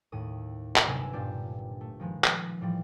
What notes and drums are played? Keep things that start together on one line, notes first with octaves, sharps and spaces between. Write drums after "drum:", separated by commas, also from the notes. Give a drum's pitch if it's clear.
D#2 A2 D#6
drum: clap
G1 C3 F#3 B3 G#5 E6
G2 A#2 B3 D4 F4 G4
A3
D#3 F3 G#3 B3
drum: clap
A2 E3 F3 G3